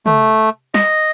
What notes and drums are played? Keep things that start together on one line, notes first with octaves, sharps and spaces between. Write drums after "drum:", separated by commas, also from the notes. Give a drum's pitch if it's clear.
A3, drum: tom
D#5, drum: snare